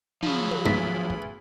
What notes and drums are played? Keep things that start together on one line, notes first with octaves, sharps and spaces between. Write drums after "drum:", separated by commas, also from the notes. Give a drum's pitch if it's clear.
F3 F#3 G#4 B5, drum: tom
drum: tom
D2 G#2 B3 B6
drum: kick